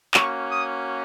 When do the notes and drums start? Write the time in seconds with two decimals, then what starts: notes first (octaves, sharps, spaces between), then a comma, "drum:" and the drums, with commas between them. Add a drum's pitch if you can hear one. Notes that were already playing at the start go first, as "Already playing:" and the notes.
0.14 A#3 C#4 F#4 C#6, drum: clap
0.51 D#6